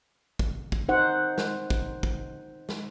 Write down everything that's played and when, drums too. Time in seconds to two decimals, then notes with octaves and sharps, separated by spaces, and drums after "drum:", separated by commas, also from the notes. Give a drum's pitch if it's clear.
0.39 drum: kick
0.72 drum: kick
0.89 D#4 C5 F#5
1.38 drum: snare
1.70 drum: kick
2.03 drum: kick
2.69 drum: snare